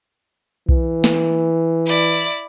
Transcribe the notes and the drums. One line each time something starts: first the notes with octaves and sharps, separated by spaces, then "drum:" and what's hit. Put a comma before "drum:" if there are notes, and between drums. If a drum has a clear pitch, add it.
E3, drum: kick B1
drum: snare
E4 D5, drum: hi-hat